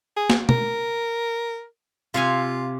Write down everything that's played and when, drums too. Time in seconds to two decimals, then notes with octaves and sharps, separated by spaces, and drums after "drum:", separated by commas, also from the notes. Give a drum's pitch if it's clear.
0.17 G#4
0.30 drum: snare
0.49 A#4, drum: tom B2
2.14 C3 F4 F5 G#5